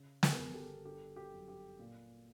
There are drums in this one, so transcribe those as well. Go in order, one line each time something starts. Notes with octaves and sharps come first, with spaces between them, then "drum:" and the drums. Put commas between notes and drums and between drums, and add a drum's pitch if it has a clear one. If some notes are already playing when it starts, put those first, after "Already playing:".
Already playing: C#3
G#4 A#4, drum: snare
G1
G4 A4
D3 G4 A4
G4
F#2
G4
A#2